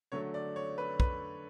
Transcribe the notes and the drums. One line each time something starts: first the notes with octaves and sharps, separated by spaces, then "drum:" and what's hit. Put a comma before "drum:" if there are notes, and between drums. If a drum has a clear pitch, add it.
D3 F#3 A3 C#5
D5
C#5
B4
B4, drum: kick